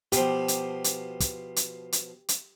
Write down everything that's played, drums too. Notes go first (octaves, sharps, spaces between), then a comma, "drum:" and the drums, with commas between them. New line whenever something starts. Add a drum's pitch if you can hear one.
B2 F3 G4, drum: hi-hat
drum: hi-hat
drum: hi-hat
drum: kick, hi-hat
drum: hi-hat
drum: hi-hat
drum: hi-hat